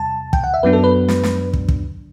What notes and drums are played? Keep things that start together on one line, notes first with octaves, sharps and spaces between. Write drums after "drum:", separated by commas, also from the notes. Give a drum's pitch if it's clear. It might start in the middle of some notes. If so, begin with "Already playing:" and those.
Already playing: E2 C3 G3 A5
G5, drum: kick
F#5
E5
F#2 F#3 B3 D4 B4
A4
B4
drum: snare
drum: snare
drum: kick
drum: kick